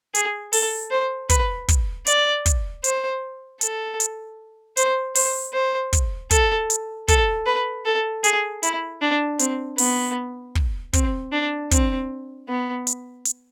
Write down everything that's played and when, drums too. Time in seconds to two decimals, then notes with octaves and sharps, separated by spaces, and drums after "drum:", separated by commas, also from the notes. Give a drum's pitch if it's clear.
0.15 G#4, drum: hi-hat
0.53 A4, drum: open hi-hat
0.91 C5
1.29 B4, drum: kick, hi-hat
1.68 drum: kick, hi-hat
2.07 D5, drum: hi-hat
2.46 drum: kick, hi-hat
2.84 C5, drum: hi-hat
3.61 A4, drum: hi-hat
4.00 drum: hi-hat
4.77 C5, drum: hi-hat
5.15 C5, drum: open hi-hat
5.54 C5
5.93 drum: kick, hi-hat
6.31 A4, drum: kick, hi-hat
6.70 drum: hi-hat
7.08 A4, drum: kick, hi-hat
7.46 B4
7.85 A4
8.24 G#4, drum: hi-hat
8.63 E4, drum: hi-hat
9.02 D4
9.39 C4, drum: hi-hat
9.78 B3, drum: open hi-hat
10.55 drum: kick
10.93 C4, drum: kick, hi-hat
11.32 D4
11.71 C4, drum: kick, hi-hat
12.49 B3
12.87 drum: hi-hat
13.25 drum: hi-hat